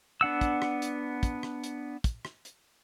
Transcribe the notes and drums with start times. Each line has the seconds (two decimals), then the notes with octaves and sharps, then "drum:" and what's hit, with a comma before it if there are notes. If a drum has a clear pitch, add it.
0.21 B3 D4 F#5 E6
0.41 drum: kick, hi-hat
0.62 drum: rim click
0.82 drum: hi-hat
1.23 drum: kick, hi-hat
1.43 drum: rim click
1.64 drum: hi-hat
2.04 drum: kick, hi-hat
2.25 drum: rim click
2.45 drum: hi-hat